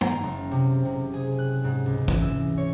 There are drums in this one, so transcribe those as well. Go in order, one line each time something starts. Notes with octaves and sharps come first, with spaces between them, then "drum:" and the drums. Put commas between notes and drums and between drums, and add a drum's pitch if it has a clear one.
A#5, drum: tom
F#1
C3
C3
G#4
F#6
G#2
C#2
E3, drum: kick
E6
C#5